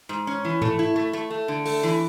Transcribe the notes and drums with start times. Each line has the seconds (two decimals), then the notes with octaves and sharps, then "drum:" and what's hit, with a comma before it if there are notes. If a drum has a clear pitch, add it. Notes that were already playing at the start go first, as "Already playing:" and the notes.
0.09 G#2
0.27 C#4
0.45 E3
0.62 A3, drum: tom G#2
0.79 E4
0.96 A3
1.13 A3
1.30 A3
1.48 D3
1.65 A3, drum: open hi-hat
1.83 E3